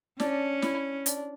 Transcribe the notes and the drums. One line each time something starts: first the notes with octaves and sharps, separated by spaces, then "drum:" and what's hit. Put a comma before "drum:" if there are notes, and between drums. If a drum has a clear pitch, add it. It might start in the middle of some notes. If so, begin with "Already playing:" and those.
C#4 D4, drum: snare
E4, drum: snare
D4, drum: hi-hat